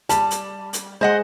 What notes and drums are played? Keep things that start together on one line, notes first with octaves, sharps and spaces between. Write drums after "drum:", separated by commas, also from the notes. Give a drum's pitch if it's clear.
G3 A5, drum: hi-hat
drum: hi-hat
drum: hi-hat
G#3 C5 D#5 F#5